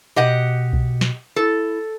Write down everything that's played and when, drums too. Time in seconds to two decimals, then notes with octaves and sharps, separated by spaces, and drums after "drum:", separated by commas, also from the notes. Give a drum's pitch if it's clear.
0.16 B2 G4 D#5 F#5
0.73 drum: kick B1
1.01 drum: snare
1.36 E4 A4